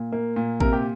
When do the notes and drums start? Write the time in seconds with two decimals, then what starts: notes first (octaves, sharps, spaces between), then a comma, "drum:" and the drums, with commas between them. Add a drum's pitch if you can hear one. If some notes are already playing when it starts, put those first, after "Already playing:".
Already playing: A#2
0.12 A#3
0.36 A#2
0.60 C3 A#4, drum: kick A1
0.73 G4